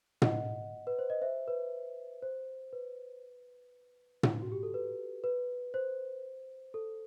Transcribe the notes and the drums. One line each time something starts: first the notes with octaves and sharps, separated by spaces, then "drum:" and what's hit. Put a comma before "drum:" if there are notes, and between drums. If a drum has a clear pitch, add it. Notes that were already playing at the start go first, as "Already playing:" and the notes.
D#5 F#5, drum: tom
B4
C5
D#5
C5 E5
B4
C5
B4
drum: tom
F#4
G4
A4
B4
B4
C5
A4